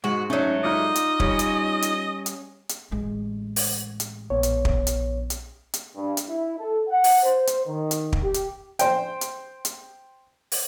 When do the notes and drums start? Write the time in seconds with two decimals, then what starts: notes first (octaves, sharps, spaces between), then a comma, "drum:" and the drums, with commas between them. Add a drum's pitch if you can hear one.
0.04 G#2 G#3 F#4
0.30 F#3 A3 C#4 D#4
0.64 D#4 F4 D5 D#5
0.95 drum: hi-hat
1.20 G3 C#4, drum: kick
1.39 drum: hi-hat
1.82 drum: hi-hat
2.26 drum: hi-hat
2.69 drum: hi-hat
2.91 A1 G#3
3.56 drum: open hi-hat
4.00 drum: hi-hat
4.30 A#1 B3 C#5
4.43 drum: hi-hat
4.65 drum: kick
4.87 drum: hi-hat
5.30 drum: hi-hat
5.74 drum: hi-hat
5.95 G2
6.17 drum: hi-hat
6.28 E4
6.58 A4
6.89 F#5
7.04 drum: open hi-hat
7.23 C5
7.47 drum: hi-hat
7.67 D#3
7.91 drum: hi-hat
8.13 drum: kick
8.23 G4
8.34 drum: hi-hat
8.79 C5 G5, drum: hi-hat
9.21 drum: hi-hat
9.65 drum: hi-hat
10.52 drum: open hi-hat